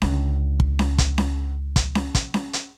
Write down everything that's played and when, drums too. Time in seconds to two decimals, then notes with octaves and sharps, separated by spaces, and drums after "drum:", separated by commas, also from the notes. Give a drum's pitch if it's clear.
0.02 C#2 D3, drum: snare C#4
0.60 drum: kick
0.79 drum: snare C#4
0.98 drum: kick, hi-hat
1.18 drum: snare C#4
1.76 drum: kick, hi-hat
1.95 drum: snare C#4
2.15 drum: kick, hi-hat
2.34 drum: snare C#4
2.53 drum: hi-hat